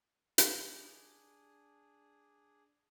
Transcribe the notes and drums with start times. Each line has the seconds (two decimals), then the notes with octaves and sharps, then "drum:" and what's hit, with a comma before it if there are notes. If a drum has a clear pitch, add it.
0.38 drum: hi-hat
0.49 D4 G#4